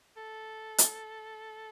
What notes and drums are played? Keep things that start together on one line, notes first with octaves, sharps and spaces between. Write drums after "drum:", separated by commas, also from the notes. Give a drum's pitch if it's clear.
A4
drum: hi-hat